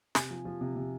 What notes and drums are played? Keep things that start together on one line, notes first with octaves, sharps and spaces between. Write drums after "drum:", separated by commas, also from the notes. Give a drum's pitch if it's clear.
C3 G#5, drum: snare
F3
F3
C3
C3